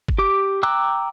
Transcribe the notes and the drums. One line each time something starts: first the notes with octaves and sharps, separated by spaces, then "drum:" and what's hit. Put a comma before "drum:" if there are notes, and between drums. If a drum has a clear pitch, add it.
drum: kick
G4 D6
G5 A#5 D6 E6 F#6